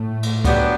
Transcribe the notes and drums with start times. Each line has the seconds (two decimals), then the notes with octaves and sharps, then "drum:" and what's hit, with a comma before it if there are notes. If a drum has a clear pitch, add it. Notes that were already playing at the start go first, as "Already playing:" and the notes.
Already playing: A2 A3
0.23 drum: cymbal
0.45 F#3 B3 D4 G4, drum: kick C#2, cymbal